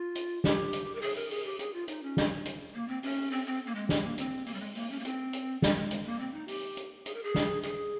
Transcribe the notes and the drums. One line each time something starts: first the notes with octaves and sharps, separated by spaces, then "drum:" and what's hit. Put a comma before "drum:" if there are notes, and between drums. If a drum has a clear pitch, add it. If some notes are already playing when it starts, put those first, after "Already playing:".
Already playing: F4
drum: hi-hat
G4, drum: snare
drum: hi-hat
A#4
G#4, drum: open hi-hat
A#4
G#4, drum: open hi-hat
G4
G#4, drum: hi-hat
F4
D#4, drum: hi-hat
C#4
drum: snare
drum: hi-hat
A#3
C4
C#4, drum: open hi-hat
C4
C4
A#3
G#3
G#3, drum: snare
A#3
C4, drum: hi-hat
A#3, drum: open hi-hat
G3
G#3
A#3, drum: open hi-hat
C#4
A#3
C4, drum: hi-hat
drum: hi-hat
G3, drum: snare
G#3
G#3, drum: hi-hat
A#3
C4
D#4
G4, drum: open hi-hat
drum: hi-hat
G#4, drum: hi-hat
A#4
G#4
drum: snare
G#4, drum: hi-hat